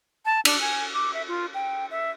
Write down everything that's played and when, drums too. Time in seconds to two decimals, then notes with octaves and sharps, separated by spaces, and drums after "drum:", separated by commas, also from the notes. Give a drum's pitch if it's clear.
0.25 A5
0.45 D4, drum: cymbal
0.61 G#5
0.94 D6
1.14 E5
1.28 F4
1.54 G5
1.91 E5